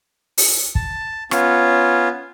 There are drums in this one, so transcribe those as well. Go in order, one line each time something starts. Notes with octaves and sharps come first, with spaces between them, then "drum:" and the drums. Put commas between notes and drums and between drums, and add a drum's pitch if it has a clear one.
drum: open hi-hat
A5, drum: kick
B3 C#4 F4, drum: rim click